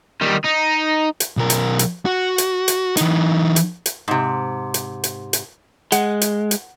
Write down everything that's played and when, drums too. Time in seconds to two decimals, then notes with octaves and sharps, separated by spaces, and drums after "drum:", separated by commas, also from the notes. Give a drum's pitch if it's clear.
0.21 D#3 G3
0.44 D#4
1.20 drum: hi-hat
1.37 B1 A#4
1.50 drum: hi-hat
1.79 drum: hi-hat
2.05 F#4
2.38 drum: hi-hat
2.68 drum: hi-hat
2.97 E3 D#4, drum: hi-hat
3.56 drum: hi-hat
3.86 drum: hi-hat
4.08 G#2 C3
4.74 drum: hi-hat
5.04 drum: hi-hat
5.33 drum: hi-hat
5.92 G#3 F#5, drum: hi-hat
6.21 drum: hi-hat
6.51 drum: hi-hat